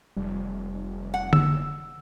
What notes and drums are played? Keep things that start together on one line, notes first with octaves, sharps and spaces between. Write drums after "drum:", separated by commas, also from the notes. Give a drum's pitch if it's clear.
F1 G3
F#5
E6, drum: tom D3